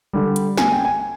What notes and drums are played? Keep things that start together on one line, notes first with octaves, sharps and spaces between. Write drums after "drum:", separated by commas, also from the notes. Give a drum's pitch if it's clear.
D3 G3
drum: hi-hat
G#5, drum: snare
G5
G#5